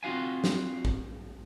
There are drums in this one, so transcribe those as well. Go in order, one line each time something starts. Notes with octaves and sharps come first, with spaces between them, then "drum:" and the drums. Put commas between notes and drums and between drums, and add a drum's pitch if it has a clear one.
C4 F4 F#4 F5 G#5
drum: snare
drum: kick